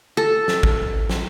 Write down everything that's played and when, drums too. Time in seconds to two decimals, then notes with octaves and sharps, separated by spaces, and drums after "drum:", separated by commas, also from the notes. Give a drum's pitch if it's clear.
0.17 A4
0.48 drum: snare
0.63 drum: kick G#1
1.09 drum: snare